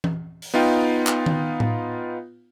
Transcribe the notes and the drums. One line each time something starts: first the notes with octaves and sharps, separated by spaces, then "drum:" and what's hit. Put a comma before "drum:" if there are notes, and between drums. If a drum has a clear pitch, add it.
drum: tom E3
drum: open hi-hat
B3 D#4 F4 F5 G5
drum: clap
drum: tom D#3
drum: tom A2